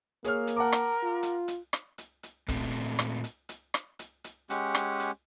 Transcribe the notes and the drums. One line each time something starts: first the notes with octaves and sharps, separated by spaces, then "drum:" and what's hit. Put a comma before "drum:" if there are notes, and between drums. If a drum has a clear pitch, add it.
A#3 G#4 C#5 F6, drum: hi-hat
drum: hi-hat
A#4 F#5 A5 D6
drum: rim click
F4
drum: hi-hat
drum: hi-hat
drum: rim click
drum: hi-hat
drum: hi-hat
A#2 A3 C4, drum: kick, hi-hat
drum: rim click
drum: hi-hat
drum: hi-hat
drum: rim click
drum: hi-hat
drum: hi-hat
G#3 C#4 G4 F#5, drum: hi-hat
drum: rim click
drum: hi-hat